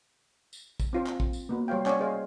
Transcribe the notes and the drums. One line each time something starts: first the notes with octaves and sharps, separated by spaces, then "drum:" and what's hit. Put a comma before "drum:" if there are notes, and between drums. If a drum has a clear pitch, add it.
drum: tambourine
drum: kick, tambourine
C4 F4 C5
drum: clap
drum: kick
drum: tambourine
A#3 B3 F#4
G3 C5 C#5 F5 G5
C#4 C#5 D5 F#5 G#5, drum: clap
G#4 C5 D#5 F5